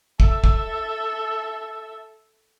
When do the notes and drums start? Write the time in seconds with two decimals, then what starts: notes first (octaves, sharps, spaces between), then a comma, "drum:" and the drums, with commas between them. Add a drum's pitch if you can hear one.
0.20 A4 E5, drum: kick
0.44 drum: kick